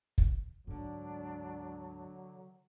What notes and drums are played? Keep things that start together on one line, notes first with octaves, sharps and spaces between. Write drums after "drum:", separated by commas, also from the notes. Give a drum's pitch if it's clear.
drum: kick
D2 G#2 D3 F#3 D4